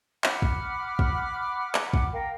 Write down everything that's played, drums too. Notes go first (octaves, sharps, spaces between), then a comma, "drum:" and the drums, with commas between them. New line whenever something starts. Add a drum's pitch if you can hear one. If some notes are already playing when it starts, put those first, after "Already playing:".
F#5 B5 D6 F6, drum: clap
drum: kick
drum: kick
drum: clap
drum: kick
A#4 F5 G5